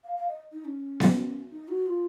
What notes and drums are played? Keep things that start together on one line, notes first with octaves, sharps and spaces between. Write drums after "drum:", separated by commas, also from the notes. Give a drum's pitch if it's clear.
F5
F5
D#5
D#4
C#4
drum: snare B3
D#4
F#4
F4